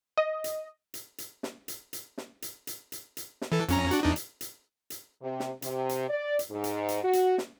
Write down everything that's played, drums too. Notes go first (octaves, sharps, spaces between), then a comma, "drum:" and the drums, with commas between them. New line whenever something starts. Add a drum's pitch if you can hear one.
D#5
drum: hi-hat
drum: hi-hat
drum: hi-hat
drum: snare
drum: hi-hat
drum: hi-hat
drum: snare
drum: hi-hat
drum: hi-hat
drum: hi-hat
drum: hi-hat
drum: snare
E3 A4
F2 C#4 A#5, drum: hi-hat
D4 F#4, drum: hi-hat
E2 D4 D#4
drum: hi-hat
drum: hi-hat
drum: hi-hat
C3
drum: snare
C3, drum: hi-hat
drum: hi-hat
D5
drum: hi-hat
G#2
drum: hi-hat
drum: hi-hat
F#4
drum: hi-hat
drum: snare